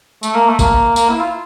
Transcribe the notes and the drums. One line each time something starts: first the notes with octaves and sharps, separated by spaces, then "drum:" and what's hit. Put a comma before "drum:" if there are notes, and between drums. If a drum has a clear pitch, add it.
A3, drum: tambourine
A#3
A3
A#3, drum: kick, tambourine
A#3, drum: tambourine
E4
F4